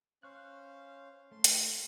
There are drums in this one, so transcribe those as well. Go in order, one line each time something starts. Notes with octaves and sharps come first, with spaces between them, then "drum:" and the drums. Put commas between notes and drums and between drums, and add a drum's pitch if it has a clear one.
C#4 C5 F5 C#6 F#6
A3 C6
drum: hi-hat